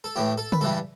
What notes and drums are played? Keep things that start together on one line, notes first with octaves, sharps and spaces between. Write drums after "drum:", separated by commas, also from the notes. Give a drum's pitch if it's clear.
A4
A2 E3 A3 G4
A4
B4, drum: tom C#3
G2 E3 G3 A4